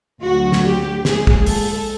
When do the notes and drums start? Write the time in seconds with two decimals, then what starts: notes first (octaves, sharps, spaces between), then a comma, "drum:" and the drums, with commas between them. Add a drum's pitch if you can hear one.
0.21 D2 D3 F#3 F#4
0.52 drum: snare
0.64 G4
1.05 A#2 F3 G#3 G#4, drum: snare
1.27 drum: kick
1.46 A4, drum: open hi-hat